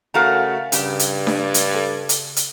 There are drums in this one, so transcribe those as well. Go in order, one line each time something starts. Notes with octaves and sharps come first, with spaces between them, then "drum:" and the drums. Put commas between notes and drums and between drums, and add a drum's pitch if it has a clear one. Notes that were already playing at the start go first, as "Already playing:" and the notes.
C#3 A3 F#4 A#4 F5 A#5
G2 C#3 G4, drum: hi-hat
drum: hi-hat
drum: snare D4
drum: hi-hat
A4
drum: hi-hat
drum: hi-hat